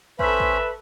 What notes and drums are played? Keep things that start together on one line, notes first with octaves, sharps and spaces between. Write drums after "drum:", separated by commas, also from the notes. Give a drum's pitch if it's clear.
C#4 A4 B4 C5 E5 B5, drum: kick
drum: kick